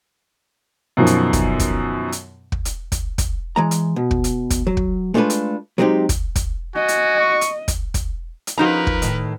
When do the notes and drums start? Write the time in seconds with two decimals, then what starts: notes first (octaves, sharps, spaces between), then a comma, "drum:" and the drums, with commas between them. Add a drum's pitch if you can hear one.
0.97 F#2 B2 D#3 F3
1.07 drum: hi-hat
1.33 drum: kick, hi-hat
1.59 drum: kick, hi-hat
2.12 drum: hi-hat
2.52 drum: kick
2.65 drum: hi-hat
2.92 drum: kick, hi-hat
3.18 drum: kick, hi-hat
3.56 E3 G#3 A#5
3.71 drum: hi-hat
3.96 B2
4.11 drum: kick
4.24 drum: hi-hat
4.50 drum: kick, hi-hat
4.67 F#3
4.77 drum: kick
5.14 G#3 A3 D4 F4 A4 B4
5.30 drum: hi-hat
5.78 F#3 G#3 C4 D#4 G4
6.09 drum: kick, hi-hat
6.36 drum: kick, hi-hat
6.75 F#4 D#5 G#5
6.88 drum: hi-hat
7.19 C#6
7.41 drum: hi-hat
7.68 drum: kick, hi-hat
7.94 drum: kick, hi-hat
8.47 drum: hi-hat
8.58 F3 C#4 D#4 F#4 G#4 A#4 B4 A#5
8.87 drum: kick
9.02 A2 D#3, drum: hi-hat